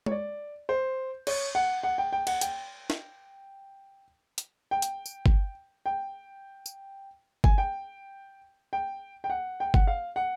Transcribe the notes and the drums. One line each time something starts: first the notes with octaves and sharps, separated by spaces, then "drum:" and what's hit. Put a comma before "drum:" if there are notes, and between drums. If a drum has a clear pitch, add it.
C#5, drum: tom G#3
D5
C5
C#5, drum: cymbal
F#5
F#5
G5
G5
F#5, drum: cymbal
G5, drum: hi-hat
drum: snare
drum: hi-hat
G5
drum: hi-hat
drum: tambourine
drum: kick G1
G5
drum: tambourine
G#5, drum: kick G1
G5
G5
G5
F#5
G5
F#5, drum: kick G1
F5
F#5